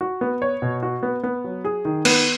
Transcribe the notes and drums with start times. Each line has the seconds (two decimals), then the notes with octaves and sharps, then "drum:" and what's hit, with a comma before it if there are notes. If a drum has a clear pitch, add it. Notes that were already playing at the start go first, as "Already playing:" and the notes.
0.01 F#4
0.21 B3
0.42 C#5
0.62 B2
0.83 F#4
1.03 B3
1.23 B3
1.44 F#3
1.64 G#4
1.85 D#3
2.05 B3, drum: cymbal